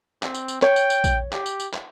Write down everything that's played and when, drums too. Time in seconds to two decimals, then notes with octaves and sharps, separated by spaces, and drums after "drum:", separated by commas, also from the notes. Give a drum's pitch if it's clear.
0.23 C4, drum: clap
0.34 drum: tambourine
0.48 drum: tambourine
0.62 C#5 G5, drum: clap
0.76 drum: tambourine
0.90 drum: tambourine
1.04 drum: kick A#1, tambourine
1.33 G4, drum: clap
1.46 drum: tambourine
1.60 drum: tambourine
1.74 drum: clap